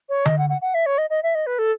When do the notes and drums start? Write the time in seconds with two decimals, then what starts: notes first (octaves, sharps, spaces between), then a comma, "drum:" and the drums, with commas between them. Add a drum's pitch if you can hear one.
0.09 C#5
0.25 D#5, drum: tom D3
0.38 F#5
0.49 F#5
0.61 F#5
0.74 E5
0.86 C#5
0.98 D#5
1.10 D#5
1.23 E5
1.35 D#5
1.46 B4
1.59 A4